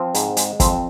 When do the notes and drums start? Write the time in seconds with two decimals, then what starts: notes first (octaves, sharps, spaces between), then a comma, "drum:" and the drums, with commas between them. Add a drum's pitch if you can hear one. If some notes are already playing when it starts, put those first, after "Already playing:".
Already playing: F3 C4
0.14 G#2, drum: hi-hat
0.37 G#3, drum: hi-hat
0.60 F2 C4, drum: kick, hi-hat